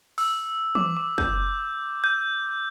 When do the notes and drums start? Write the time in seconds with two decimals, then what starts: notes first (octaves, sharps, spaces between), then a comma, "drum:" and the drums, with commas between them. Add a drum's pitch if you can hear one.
0.18 E6, drum: open hi-hat
0.75 D6, drum: tom E3
0.97 D6
1.18 G6, drum: kick
2.04 G6